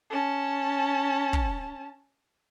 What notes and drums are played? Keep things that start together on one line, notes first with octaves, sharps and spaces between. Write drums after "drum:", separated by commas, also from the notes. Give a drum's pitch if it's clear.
C#4 A5
drum: kick